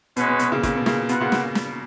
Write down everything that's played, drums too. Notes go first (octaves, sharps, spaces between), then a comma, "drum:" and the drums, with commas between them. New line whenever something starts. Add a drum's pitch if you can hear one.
B2 G#3 C#4 F#4 B4, drum: hi-hat
B2
B2, drum: hi-hat
A#2 C#3
A#2 C#3, drum: kick, hi-hat
B2
A#2 C#3, drum: snare
B2 F4 B4 F#5, drum: hi-hat
A#2 C#3
A#2 C#3, drum: snare
drum: snare